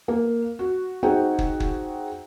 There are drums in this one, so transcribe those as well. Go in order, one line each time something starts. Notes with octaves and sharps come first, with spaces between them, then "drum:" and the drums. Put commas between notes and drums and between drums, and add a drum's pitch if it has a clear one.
A#3
F#4
C4 D#4 F#4 G#4 F#5 G5
drum: kick
drum: kick